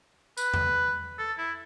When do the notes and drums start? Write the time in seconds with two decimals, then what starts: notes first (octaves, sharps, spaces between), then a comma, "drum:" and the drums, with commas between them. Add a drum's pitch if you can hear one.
0.37 B4, drum: tambourine
0.54 drum: tom E2
1.18 A4
1.38 E4